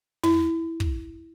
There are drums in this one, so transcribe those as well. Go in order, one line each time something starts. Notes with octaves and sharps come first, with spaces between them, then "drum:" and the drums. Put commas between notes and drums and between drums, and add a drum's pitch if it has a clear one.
E4, drum: tom
drum: kick